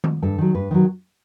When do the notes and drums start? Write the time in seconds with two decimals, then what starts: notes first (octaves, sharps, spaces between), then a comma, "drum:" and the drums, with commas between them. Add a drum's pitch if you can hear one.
0.04 drum: tom D#3
0.22 G2 A4
0.38 D#3 F#3
0.55 G2 B4
0.71 D#3 F#3